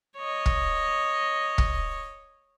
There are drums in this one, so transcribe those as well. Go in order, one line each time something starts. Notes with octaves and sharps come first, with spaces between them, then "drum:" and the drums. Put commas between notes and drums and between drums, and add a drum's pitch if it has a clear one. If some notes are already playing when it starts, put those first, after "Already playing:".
C#5 D#5
drum: kick
drum: kick